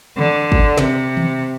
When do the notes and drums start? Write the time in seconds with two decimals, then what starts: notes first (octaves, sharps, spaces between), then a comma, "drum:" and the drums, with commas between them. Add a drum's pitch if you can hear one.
0.17 D3
0.52 drum: kick
0.78 C3, drum: snare
1.17 drum: tom D#3